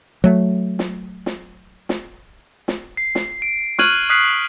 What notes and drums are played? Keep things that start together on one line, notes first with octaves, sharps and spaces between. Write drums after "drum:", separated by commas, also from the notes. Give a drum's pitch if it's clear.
F#3 A3
drum: snare
drum: snare
drum: snare
drum: snare
C7
drum: snare
D7
C#6 F6 F#6 G#6 D#7 F#7, drum: snare
D#6 F6 F#6 G#6 B6 C7